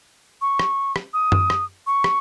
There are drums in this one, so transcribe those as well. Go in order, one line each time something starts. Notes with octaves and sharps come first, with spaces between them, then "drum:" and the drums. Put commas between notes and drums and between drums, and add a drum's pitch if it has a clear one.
C#6
drum: rim click
drum: rim click
D#6
drum: tom F#2
drum: rim click
C#6
drum: rim click